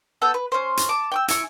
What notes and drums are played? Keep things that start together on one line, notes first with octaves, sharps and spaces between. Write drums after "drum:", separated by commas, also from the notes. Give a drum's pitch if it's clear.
B3 A4 E6 G6
B4
C#4 C5
drum: hi-hat
A5 D6
G5 D6 E6
E4 G#5 C#6, drum: hi-hat